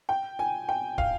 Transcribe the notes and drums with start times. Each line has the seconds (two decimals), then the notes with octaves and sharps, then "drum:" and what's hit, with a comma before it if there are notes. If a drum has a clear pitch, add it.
0.09 G5
0.39 G#5
0.69 G5
0.98 F5, drum: kick